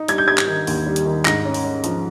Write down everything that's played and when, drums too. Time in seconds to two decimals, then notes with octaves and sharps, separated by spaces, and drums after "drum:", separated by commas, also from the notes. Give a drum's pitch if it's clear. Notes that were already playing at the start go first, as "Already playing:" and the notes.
Already playing: D#4
0.08 G3 G#6, drum: hi-hat
0.18 G6
0.28 G3 G#6
0.38 drum: clap
0.47 D#3
0.67 D#2, drum: open hi-hat
0.87 G3
0.96 drum: hi-hat
1.06 D#3
1.25 G#2 A#6, drum: clap
1.45 C#4
1.54 drum: open hi-hat
1.64 C#4
1.84 F3, drum: hi-hat